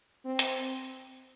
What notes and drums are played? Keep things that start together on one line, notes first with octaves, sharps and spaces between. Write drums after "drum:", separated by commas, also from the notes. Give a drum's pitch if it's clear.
C4
drum: hi-hat